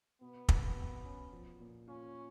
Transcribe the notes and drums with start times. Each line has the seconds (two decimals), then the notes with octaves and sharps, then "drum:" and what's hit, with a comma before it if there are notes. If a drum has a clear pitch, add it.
0.21 B2 B3
0.49 B2, drum: kick
0.77 B2
1.05 C#4
1.33 F3
1.60 A#2
1.88 C#4 F4